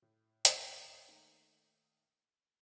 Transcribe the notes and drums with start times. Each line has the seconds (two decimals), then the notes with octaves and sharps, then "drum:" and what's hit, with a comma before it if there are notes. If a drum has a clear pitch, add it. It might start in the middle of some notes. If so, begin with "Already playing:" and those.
0.02 A2
0.45 D#1, drum: hi-hat
1.08 D#3 A3 A#3 D#4